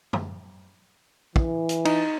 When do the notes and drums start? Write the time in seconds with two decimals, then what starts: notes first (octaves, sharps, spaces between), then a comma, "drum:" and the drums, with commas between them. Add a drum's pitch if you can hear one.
0.13 drum: tom F#2
1.36 E3, drum: kick
1.69 drum: hi-hat
1.85 D#4, drum: cymbal